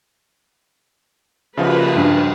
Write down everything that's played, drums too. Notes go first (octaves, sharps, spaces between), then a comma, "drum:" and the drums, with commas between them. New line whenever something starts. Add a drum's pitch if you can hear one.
C#3 F3 A#3 B4, drum: cymbal
G2